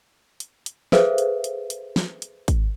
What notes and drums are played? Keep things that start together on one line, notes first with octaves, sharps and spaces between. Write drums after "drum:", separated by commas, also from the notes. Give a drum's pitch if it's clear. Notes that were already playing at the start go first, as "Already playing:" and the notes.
drum: hi-hat
drum: hi-hat
G#4 A4 B4 C5 E5 F5, drum: snare
drum: hi-hat
drum: hi-hat
drum: hi-hat
drum: snare
drum: hi-hat
drum: kick, hi-hat